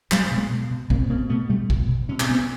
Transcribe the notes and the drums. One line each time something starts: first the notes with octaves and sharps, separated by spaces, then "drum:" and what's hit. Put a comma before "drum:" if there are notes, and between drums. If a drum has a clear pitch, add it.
B2 F#3 G#3, drum: clap
B2
G#3 A#3
B2
B2
B2 A#3 C4, drum: kick
B2 A#3 C4
B2 A3 B3
B2 G3 A3
B2, drum: kick
B2
B2 C#4
C4, drum: clap
B2 B3 C#4